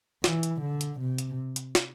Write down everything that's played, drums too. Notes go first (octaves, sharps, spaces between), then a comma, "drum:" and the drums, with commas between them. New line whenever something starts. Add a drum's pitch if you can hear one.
E3, drum: snare
drum: hi-hat
D3
drum: hi-hat
C3
drum: hi-hat
drum: hi-hat
drum: snare